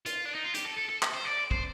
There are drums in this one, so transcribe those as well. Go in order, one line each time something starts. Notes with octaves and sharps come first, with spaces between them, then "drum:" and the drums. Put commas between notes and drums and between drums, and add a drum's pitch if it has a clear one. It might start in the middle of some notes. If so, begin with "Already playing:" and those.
F4, drum: hi-hat
D4
D#4
F4
G4, drum: hi-hat
A4
A4
A4
drum: clap
C5
D5
C5, drum: kick